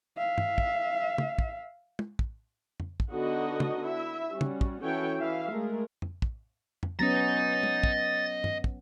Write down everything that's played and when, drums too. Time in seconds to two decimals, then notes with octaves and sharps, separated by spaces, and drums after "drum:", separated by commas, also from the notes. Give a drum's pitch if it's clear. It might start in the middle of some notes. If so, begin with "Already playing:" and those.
0.18 E5 F5
0.38 drum: tom
0.58 drum: kick
1.18 drum: tom
1.39 drum: kick
1.99 drum: tom
2.19 drum: kick
2.80 drum: tom F2
3.00 drum: kick
3.12 D3 B3 D#4 F#4 D#5
3.60 drum: tom
3.86 E4 E5
4.31 G3 C#4 F#4
4.41 drum: tom
4.61 drum: kick
4.82 E3 C#4 F#4 A4 C#5 G5
5.18 E3 E5 F5
5.50 G#3 A3 A#4
6.02 drum: tom F2
6.22 drum: kick
6.83 drum: tom F2
6.99 F#3 B3 C#4 D#5 A#5 A6
7.63 drum: tom
7.84 drum: kick
8.44 drum: tom
8.64 drum: kick